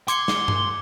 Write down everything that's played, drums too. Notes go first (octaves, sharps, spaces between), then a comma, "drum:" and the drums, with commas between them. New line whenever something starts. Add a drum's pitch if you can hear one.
C6 D6 G#6 C#7, drum: hi-hat
drum: snare
drum: tom G2